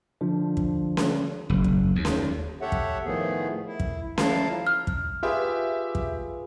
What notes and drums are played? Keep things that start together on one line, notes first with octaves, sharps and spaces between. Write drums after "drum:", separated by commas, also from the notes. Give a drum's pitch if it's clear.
D3 F3 D4 C5
drum: kick
drum: snare C#4
F#1
drum: kick
D#2
drum: snare C#4
G4 A4 C#5 E5 F#5
drum: kick
A2 D#3 F3 A3 B3 G#4
E4
drum: kick
F3 E4 F5 A5 A#5, drum: snare C#4
F6
drum: kick
F4 G4 G#4 B4 E5
drum: kick